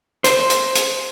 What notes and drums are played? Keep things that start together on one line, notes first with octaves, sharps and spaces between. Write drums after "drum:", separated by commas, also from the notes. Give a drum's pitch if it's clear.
C5, drum: hi-hat
drum: hi-hat
drum: hi-hat